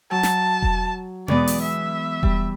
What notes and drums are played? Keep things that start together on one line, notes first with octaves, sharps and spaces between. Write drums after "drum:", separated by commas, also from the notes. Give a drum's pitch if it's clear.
F#3 A5
drum: snare
drum: kick E1
E3 G#3 B3 D5, drum: tom
drum: open hi-hat
E5
G3, drum: kick E1